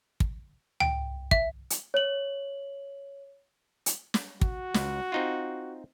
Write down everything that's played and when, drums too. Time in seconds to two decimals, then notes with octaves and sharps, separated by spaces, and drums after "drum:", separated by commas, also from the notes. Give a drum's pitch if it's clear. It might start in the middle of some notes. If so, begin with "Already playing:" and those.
0.20 drum: kick
0.80 G5, drum: tom C#2
1.31 E5, drum: kick
1.70 drum: hi-hat
1.94 C#5 F#7
3.86 drum: hi-hat
4.14 drum: snare
4.41 F#4, drum: kick
4.74 C#2, drum: snare
5.12 C4 D#4 F4